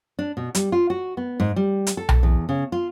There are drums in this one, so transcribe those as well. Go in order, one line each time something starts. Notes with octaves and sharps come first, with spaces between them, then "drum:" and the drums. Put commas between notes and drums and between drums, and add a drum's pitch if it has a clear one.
D4
B2
G3, drum: hi-hat
F4
F#4
B3
G#2
G3
drum: hi-hat
A4
drum: tom B1
E2
C#3
F4